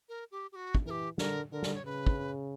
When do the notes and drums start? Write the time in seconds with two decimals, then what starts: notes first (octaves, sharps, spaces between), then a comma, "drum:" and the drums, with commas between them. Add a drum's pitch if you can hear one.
0.09 A#4
0.31 G4
0.52 G4
0.56 F#4
0.75 drum: kick
0.85 E3 A#4
0.90 G4
1.18 D3 A#4, drum: snare
1.52 D3 A#4
1.63 drum: snare
1.75 C#5
1.85 C#3 B4
2.07 drum: kick